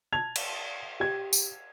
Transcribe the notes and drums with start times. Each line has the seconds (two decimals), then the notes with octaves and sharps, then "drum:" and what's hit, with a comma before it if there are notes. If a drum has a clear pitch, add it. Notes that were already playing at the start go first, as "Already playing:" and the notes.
0.13 A5 G#6 F7
0.35 drum: cymbal
1.00 G4 G#6
1.33 drum: tambourine